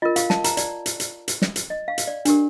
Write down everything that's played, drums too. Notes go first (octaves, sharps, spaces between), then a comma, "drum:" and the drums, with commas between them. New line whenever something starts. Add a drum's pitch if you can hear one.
F4 A#4 D#5
F5, drum: hi-hat
A5, drum: snare
A#5, drum: hi-hat
D5, drum: hi-hat
drum: hi-hat
drum: hi-hat
drum: hi-hat
drum: snare
drum: hi-hat
D#5
F5
drum: hi-hat
D5
D4 G4 A#4, drum: hi-hat